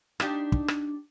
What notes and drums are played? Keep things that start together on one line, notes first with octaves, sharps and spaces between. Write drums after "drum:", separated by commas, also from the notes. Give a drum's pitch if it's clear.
D4 D#4 G4, drum: rim click
drum: kick
drum: rim click